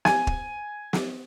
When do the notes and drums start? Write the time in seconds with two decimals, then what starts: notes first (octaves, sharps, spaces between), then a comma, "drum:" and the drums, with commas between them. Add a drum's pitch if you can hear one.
0.05 G#5, drum: snare
0.27 drum: kick
0.93 drum: snare